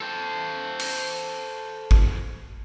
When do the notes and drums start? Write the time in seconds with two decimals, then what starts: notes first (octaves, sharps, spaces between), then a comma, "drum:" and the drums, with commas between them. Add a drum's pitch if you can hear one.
0.01 A4 C5
0.80 drum: cymbal
1.91 drum: kick G#1